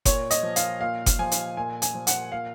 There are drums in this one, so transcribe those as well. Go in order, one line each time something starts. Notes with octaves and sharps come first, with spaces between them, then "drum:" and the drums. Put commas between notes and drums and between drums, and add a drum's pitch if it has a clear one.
A#2 C#5, drum: kick F#1, hi-hat
D#5, drum: hi-hat
F3
F5, drum: hi-hat
A#2 F5
drum: kick F#1, hi-hat
F3 G#5
drum: hi-hat
A#2 G#5
G#5, drum: hi-hat
F3
F#5, drum: hi-hat
A#2 F5